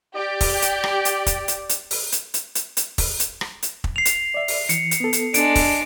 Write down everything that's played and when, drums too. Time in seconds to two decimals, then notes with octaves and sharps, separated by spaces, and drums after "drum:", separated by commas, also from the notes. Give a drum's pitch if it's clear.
0.16 G4 D5
0.41 drum: kick, open hi-hat
0.62 drum: hi-hat
0.84 drum: rim click
1.05 drum: hi-hat
1.26 drum: kick, hi-hat
1.48 drum: hi-hat
1.69 drum: hi-hat
1.91 drum: open hi-hat
2.12 drum: hi-hat
2.34 drum: hi-hat
2.55 drum: hi-hat
2.77 drum: hi-hat
2.98 drum: kick, open hi-hat
3.20 drum: hi-hat
3.41 drum: rim click
3.62 drum: hi-hat
3.84 drum: kick
3.96 C7 F7
4.05 drum: hi-hat
4.34 D5 E5
4.48 drum: open hi-hat
4.69 E3 C#7, drum: hi-hat
4.91 drum: hi-hat
5.00 B3 A4
5.13 drum: hi-hat
5.34 G#3 D4 D7, drum: hi-hat
5.56 drum: kick, open hi-hat